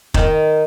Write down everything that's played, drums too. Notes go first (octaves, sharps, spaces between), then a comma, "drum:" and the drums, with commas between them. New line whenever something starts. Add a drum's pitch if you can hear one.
D#3, drum: kick